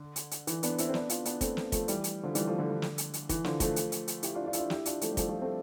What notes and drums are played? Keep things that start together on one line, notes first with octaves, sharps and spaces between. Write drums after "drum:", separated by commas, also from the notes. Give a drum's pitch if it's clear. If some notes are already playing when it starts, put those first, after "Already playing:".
Already playing: D3
drum: hi-hat
drum: hi-hat
E3, drum: hi-hat
B3 D4, drum: hi-hat
C4 E4, drum: hi-hat
C4
B3 D4, drum: snare
D4 F4, drum: hi-hat
B3 D4, drum: hi-hat
A3 C4, drum: kick, hi-hat
drum: snare
F3 A3, drum: kick, hi-hat
E3 G3, drum: hi-hat
drum: hi-hat
D3 F3
E3 G3, drum: hi-hat
F3 A3
D3 F3
D3
drum: snare
drum: hi-hat
drum: hi-hat
E3, drum: kick, hi-hat
D3 F3, drum: snare
F3 A3, drum: kick, hi-hat
drum: hi-hat
drum: hi-hat
drum: hi-hat
E4 G4, drum: hi-hat
D4 F4
D4 F4
E4, drum: hi-hat
D4 F4
E4 G4, drum: snare
D4 F4, drum: hi-hat
F3 A3, drum: hi-hat
G3
F3 A3, drum: kick, hi-hat
F3 A3
A3 C4